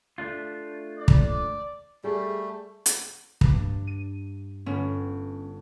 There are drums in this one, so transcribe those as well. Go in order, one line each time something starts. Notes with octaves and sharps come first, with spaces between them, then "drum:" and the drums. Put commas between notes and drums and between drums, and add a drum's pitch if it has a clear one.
A3 D4 F4
D5
drum: kick
G3 A3 G#4
drum: hi-hat
G2 D4, drum: kick
D#7
G1 C#4